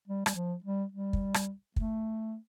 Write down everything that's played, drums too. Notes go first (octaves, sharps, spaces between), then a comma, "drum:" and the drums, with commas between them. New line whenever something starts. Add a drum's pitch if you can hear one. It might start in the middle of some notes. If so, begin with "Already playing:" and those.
G3
G3, drum: rim click
F3
G3
G3
drum: kick
drum: rim click
A3, drum: kick